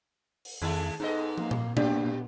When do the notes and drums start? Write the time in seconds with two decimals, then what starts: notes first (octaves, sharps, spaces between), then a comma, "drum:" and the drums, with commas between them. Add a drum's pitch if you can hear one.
0.45 drum: open hi-hat
0.62 F2 D#3 G#3 A3 G#4 A5
1.00 G#2 B3 D#4 G#4 A4 D#5
1.38 A#3, drum: tom
1.51 drum: tom A#2
1.77 A#2 A#3 B3 D4 G4, drum: tom A#2